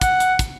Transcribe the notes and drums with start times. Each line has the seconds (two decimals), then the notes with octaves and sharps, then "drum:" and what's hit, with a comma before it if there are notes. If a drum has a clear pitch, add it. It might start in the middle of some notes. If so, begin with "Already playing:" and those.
0.01 F#5, drum: kick, hi-hat
0.20 drum: hi-hat
0.39 drum: kick, hi-hat